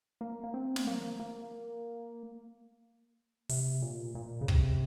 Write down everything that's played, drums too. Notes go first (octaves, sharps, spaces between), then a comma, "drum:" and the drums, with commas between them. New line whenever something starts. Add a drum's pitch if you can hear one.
A#3
A#3
C4
drum: snare
A#3
A#3
C3, drum: open hi-hat
A#2
A#2
C#3
C3, drum: kick